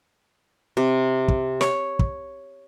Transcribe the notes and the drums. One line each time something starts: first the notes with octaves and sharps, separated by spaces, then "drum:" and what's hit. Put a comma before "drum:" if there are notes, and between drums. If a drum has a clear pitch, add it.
C3
drum: kick
C#5, drum: snare
drum: kick